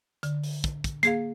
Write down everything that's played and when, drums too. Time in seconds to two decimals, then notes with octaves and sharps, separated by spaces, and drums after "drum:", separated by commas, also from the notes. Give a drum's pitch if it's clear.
0.23 D3, drum: hi-hat
0.43 drum: open hi-hat
0.64 drum: kick, hi-hat
0.84 drum: kick, hi-hat
1.03 A#3 G#4 F5 C7, drum: hi-hat